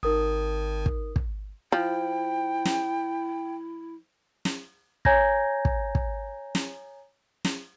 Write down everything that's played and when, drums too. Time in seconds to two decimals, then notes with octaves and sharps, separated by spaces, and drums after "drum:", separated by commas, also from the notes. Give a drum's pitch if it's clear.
0.03 G#1 D#4 A#4 D#6
0.86 drum: kick
1.16 drum: kick
1.72 F3 E4 G5
2.65 drum: snare
4.45 drum: snare
5.05 C#5 G#5 A#5 G6 G#6 A#6, drum: kick
5.65 drum: kick
5.95 drum: kick
6.55 drum: snare
7.45 drum: snare